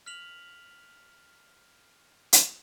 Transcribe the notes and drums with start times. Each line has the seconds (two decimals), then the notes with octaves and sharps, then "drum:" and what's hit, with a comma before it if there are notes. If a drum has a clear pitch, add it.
0.06 F6 B6 F7 F#7
2.33 drum: hi-hat